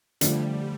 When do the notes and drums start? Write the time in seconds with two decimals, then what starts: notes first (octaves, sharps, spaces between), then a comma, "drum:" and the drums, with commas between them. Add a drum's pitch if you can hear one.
0.21 D3 F3 G3 A3, drum: hi-hat